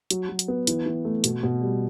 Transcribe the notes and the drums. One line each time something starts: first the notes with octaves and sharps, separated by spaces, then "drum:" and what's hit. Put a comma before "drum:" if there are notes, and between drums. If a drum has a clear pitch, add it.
F#3, drum: hi-hat
F#3
drum: hi-hat
B3
E3, drum: hi-hat
E3
A3
B2, drum: hi-hat
B2
G3